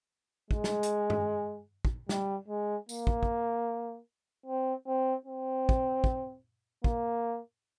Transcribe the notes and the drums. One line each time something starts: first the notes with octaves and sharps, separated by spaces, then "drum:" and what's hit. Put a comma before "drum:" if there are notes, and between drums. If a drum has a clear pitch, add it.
G#3, drum: kick
drum: snare
drum: hi-hat
drum: tom G2
drum: kick
G3, drum: snare
G#3
A#3, drum: tambourine
drum: kick
drum: kick
C4
C4
C4
drum: kick
drum: kick
A#3, drum: kick